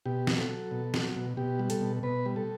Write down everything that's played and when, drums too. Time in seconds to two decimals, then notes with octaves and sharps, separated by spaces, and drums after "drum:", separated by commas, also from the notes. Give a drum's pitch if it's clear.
0.06 B2 G4
0.27 F#3, drum: snare
0.38 A4
0.49 F#3
0.71 B2
0.94 F#3, drum: snare
1.16 B2
1.37 B2 G4
1.59 G3
1.70 A4, drum: hi-hat
1.81 B2
2.03 B2 B4
2.26 G3
2.36 A4